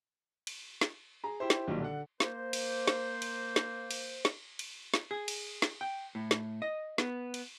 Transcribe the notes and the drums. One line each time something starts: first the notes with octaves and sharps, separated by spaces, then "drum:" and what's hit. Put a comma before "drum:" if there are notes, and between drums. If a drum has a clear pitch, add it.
drum: cymbal
drum: snare
G#4 A#5
E4 G4 C5
drum: snare
B1 A#2 D#3 G3
D3 D4 F#5
A#3 C5, drum: snare
drum: cymbal
drum: snare
drum: cymbal
drum: snare
drum: cymbal
drum: snare
drum: cymbal
drum: snare
G#4
drum: cymbal
drum: snare
G5
A2
drum: snare
D#5
B3, drum: snare
drum: cymbal